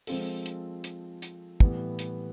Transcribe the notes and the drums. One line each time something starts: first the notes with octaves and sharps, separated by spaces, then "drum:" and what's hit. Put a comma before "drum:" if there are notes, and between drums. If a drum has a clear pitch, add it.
F3 G#3 C4 F4 A4, drum: open hi-hat
drum: hi-hat
drum: hi-hat
drum: hi-hat
A2 E3 G3 B3, drum: kick
drum: hi-hat